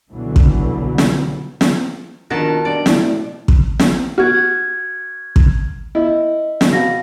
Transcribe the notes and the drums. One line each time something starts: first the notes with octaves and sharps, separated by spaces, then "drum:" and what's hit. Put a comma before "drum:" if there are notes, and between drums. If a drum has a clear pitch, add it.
C2 B2 D3 E3 F#3
drum: kick
drum: snare
drum: snare
A#1 B2 D#3 A5
G2 D5
A2, drum: snare
drum: kick
drum: snare
F#4 F6 G#6
drum: kick
E4 D#5
drum: snare
B2 F5 A#6